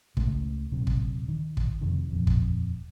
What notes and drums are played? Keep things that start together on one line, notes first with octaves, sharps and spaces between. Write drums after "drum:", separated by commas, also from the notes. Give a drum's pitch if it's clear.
C#2 C#3 G#3 A3, drum: kick
D#1 C3 F#3
drum: kick
D#3
drum: kick
F#1 F2 C3 D#3
D#1 F2
drum: kick